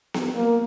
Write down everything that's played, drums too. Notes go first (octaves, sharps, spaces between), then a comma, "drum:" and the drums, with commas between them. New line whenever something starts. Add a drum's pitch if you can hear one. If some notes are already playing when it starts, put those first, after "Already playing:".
drum: snare B3
A#3